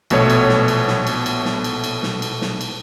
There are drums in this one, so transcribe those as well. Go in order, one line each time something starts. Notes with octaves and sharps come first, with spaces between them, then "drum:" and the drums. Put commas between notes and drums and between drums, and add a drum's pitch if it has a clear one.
A#1 B2 A3 C#5, drum: cymbal
drum: cymbal
drum: snare
drum: cymbal
drum: snare
drum: cymbal
drum: cymbal
drum: snare
drum: cymbal
drum: cymbal
drum: snare
drum: cymbal
drum: snare
drum: cymbal